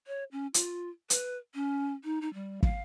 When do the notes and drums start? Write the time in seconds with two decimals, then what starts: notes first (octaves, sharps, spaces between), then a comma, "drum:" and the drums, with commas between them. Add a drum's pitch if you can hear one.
0.07 C#5
0.32 C#4
0.54 F4, drum: hi-hat
1.10 B4, drum: hi-hat
1.54 C#4
2.04 D#4
2.21 D#4
2.34 G3
2.63 F5, drum: kick